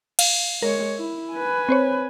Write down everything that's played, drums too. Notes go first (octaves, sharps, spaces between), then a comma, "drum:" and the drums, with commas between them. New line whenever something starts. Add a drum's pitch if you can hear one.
F5, drum: cymbal
G#3 A#4 C#5
E4
B4 G#5
C4 C5 C#5